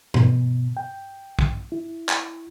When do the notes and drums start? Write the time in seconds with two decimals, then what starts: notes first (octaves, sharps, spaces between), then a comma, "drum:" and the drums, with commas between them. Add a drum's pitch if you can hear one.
0.14 B2, drum: tom G2
0.77 G5
1.39 drum: kick A#1
1.72 E4
2.09 drum: clap